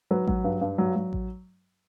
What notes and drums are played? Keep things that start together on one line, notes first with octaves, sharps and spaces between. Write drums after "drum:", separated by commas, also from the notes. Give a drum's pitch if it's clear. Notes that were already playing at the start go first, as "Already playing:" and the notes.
F#3 B4
F#3, drum: kick A1
G2
G2
F#3
F#3
drum: kick A1